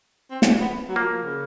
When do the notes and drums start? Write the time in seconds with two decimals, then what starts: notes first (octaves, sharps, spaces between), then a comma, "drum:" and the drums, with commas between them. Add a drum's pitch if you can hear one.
0.31 C4
0.42 C#4, drum: snare
0.60 B3
0.89 F#3
0.96 F3 A#3
1.24 C#3